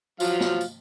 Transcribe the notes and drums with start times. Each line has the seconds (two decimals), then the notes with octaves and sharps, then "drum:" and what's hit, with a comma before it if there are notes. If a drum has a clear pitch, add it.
0.20 F3 F#3 F5, drum: tambourine
0.40 drum: snare
0.61 drum: tambourine